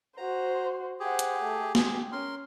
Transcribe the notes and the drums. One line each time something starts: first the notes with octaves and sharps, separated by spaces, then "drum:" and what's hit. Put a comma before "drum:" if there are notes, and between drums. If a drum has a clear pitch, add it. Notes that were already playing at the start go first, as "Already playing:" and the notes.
F#4 C5 A#5
G4 G#4 C5 F#5
drum: hi-hat
A3
G4 G#4 G5, drum: snare
C#4 A#4 C6